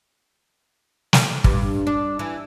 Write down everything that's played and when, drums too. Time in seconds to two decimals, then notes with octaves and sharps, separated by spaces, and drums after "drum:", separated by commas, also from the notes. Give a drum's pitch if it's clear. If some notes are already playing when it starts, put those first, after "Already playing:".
1.13 drum: snare
1.44 G2, drum: kick
1.87 D4
2.19 E3